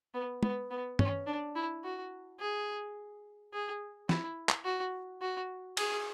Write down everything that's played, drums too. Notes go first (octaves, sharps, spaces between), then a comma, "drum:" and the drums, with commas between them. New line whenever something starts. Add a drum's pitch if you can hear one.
B3
B3, drum: tom
B3
C#4, drum: tom
D4
E4
F#4
G#4
G#4
E4, drum: snare
drum: clap
F#4
F#4
G#4, drum: cymbal